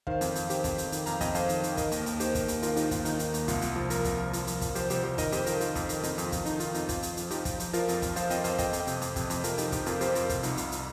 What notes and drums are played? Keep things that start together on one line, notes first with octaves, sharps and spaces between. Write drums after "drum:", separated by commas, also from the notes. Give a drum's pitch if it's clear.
D#3 C5 F5, drum: kick
F2, drum: hi-hat
F2, drum: hi-hat
D#3 G4 C5, drum: hi-hat
F2, drum: kick, hi-hat
F2, drum: hi-hat
D#3, drum: hi-hat
F2 F5 A#5, drum: hi-hat
F2 D#5 G5, drum: kick, hi-hat
F2 C5 F5, drum: hi-hat
D#3, drum: hi-hat
D#3, drum: hi-hat
D#3 A#4 D#5, drum: kick, hi-hat
D#2, drum: hi-hat
D#2, drum: hi-hat
D#3 G4 C5, drum: hi-hat
D#3, drum: kick, hi-hat
D#2, drum: hi-hat
D#3 F4 A#4, drum: hi-hat
D#3 D#4 G4, drum: hi-hat
D#2 F4, drum: kick, hi-hat
D#3 D#4, drum: hi-hat
D#3, drum: hi-hat
D#2, drum: hi-hat
C2 F4, drum: kick, hi-hat
C2, drum: hi-hat
F3
F3 F4 A#4, drum: hi-hat
C2, drum: kick, hi-hat
F3
F3, drum: hi-hat
F3, drum: hi-hat
F3, drum: kick, hi-hat
F3 G4 C5, drum: hi-hat
C2 G4 C5, drum: hi-hat
F3 G4 C5
D#3 A#4 D#5, drum: kick, hi-hat
F2 G4 C5, drum: hi-hat
D#3 F4 A#4, drum: hi-hat
D#3 F4, drum: hi-hat
F2, drum: kick, hi-hat
D#3, drum: hi-hat
F2 D#4, drum: hi-hat
F2, drum: hi-hat
F4
F2, drum: kick, hi-hat
D#3 D#4, drum: hi-hat
D#3 F4, drum: hi-hat
F2 D#4, drum: hi-hat
F2 F4, drum: kick, hi-hat
F2, drum: hi-hat
F3, drum: hi-hat
F3 D#4 G4, drum: hi-hat
F3, drum: kick, hi-hat
F3, drum: hi-hat
F3 F4 A#4, drum: hi-hat
F2, drum: hi-hat
F2, drum: kick, hi-hat
F3 C5 F5, drum: hi-hat
F2 D#5 G5, drum: hi-hat
F2 C5 F5, drum: hi-hat
F2 D#5 G5, drum: kick, hi-hat
F2, drum: hi-hat
D#5 G5
C3, drum: hi-hat
F2, drum: hi-hat
C3, drum: kick, hi-hat
F2, drum: hi-hat
F2 F4 A#4, drum: hi-hat
F3 D#4 G4, drum: hi-hat
F3 D#4 G4, drum: kick, hi-hat
F2 F4 A#4, drum: hi-hat
F2 G4 C5, drum: hi-hat
F2 F4 A#4, drum: hi-hat
C3 F4, drum: kick, hi-hat
C2 D#4, drum: hi-hat
C2 F4, drum: hi-hat
drum: hi-hat